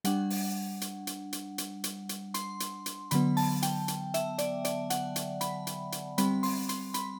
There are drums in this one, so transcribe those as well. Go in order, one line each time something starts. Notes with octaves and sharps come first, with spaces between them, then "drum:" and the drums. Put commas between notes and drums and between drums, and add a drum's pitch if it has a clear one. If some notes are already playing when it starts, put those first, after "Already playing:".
G3 D4 F#5, drum: hi-hat
drum: open hi-hat
drum: hi-hat
drum: hi-hat
drum: hi-hat
drum: hi-hat
drum: hi-hat
drum: hi-hat
C6, drum: hi-hat
drum: hi-hat
drum: hi-hat
D3 F#3 B3 B5, drum: hi-hat
A5, drum: open hi-hat
G5, drum: hi-hat
drum: hi-hat
E5, drum: hi-hat
D5, drum: hi-hat
D5, drum: hi-hat
F#5, drum: hi-hat
drum: hi-hat
B5, drum: hi-hat
drum: hi-hat
drum: hi-hat
G3 C4 B5, drum: hi-hat
C6, drum: open hi-hat
C6, drum: hi-hat
B5, drum: hi-hat